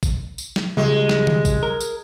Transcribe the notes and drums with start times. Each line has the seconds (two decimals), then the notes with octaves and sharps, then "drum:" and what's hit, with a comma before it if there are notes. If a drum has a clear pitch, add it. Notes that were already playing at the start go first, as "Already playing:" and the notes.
0.03 drum: kick A1, tambourine
0.38 drum: tambourine
0.56 drum: snare
0.77 C#2 G3 G#3
1.09 drum: snare
1.27 drum: tom
1.45 drum: kick A1, tambourine
1.63 A#4
1.80 drum: tambourine